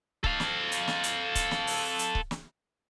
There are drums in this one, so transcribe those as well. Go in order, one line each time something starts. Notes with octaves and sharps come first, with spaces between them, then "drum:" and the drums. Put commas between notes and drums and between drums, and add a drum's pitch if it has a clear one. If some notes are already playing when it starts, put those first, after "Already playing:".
A4 F5, drum: kick C#1
drum: snare
drum: hi-hat
drum: snare
drum: hi-hat
drum: kick C#1, hi-hat
drum: snare
drum: open hi-hat
drum: hi-hat
drum: kick C#1
drum: snare